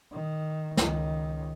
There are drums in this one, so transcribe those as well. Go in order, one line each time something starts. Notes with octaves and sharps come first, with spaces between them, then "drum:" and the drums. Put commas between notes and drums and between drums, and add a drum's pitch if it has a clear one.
D#3
C#2 D#3, drum: snare